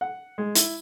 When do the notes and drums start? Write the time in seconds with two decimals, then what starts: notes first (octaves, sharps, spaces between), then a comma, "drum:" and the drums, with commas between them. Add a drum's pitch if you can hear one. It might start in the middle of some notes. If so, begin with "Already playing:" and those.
0.01 F#5
0.38 G#3
0.55 E4, drum: hi-hat